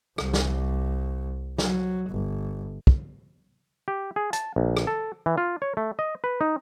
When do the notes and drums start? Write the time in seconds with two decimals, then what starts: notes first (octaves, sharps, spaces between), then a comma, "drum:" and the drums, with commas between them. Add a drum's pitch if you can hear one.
0.18 C2, drum: rim click
0.34 drum: snare
1.58 F#3, drum: snare
2.10 G1
2.87 drum: kick
3.88 G4
4.16 G#4
4.33 A5, drum: hi-hat
4.56 A#1
4.77 drum: rim click
4.87 A4
5.26 E3
5.38 F4
5.62 C#5
5.77 A3
5.99 D#5
6.24 B4
6.41 D#4